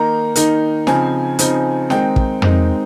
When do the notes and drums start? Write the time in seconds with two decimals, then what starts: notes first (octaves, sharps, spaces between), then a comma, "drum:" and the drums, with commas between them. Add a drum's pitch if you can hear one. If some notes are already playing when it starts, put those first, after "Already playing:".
Already playing: D#3 A#3 D#4 A#5
0.36 D#3 A#3 D#4, drum: hi-hat
0.87 C#3 F3 C4 D#4 G#5, drum: snare
1.39 C#3 F3 C4 D#4, drum: hi-hat
1.90 D#3 G#3 C4 D#4 G5, drum: snare
2.16 drum: kick
2.42 D#3 G#3 C4 D#4, drum: tom